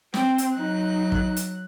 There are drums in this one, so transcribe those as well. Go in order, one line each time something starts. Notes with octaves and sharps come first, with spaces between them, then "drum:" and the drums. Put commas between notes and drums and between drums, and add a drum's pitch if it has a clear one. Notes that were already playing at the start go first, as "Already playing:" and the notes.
C4, drum: snare
drum: hi-hat
F#3 D#4 F#6
drum: kick
drum: hi-hat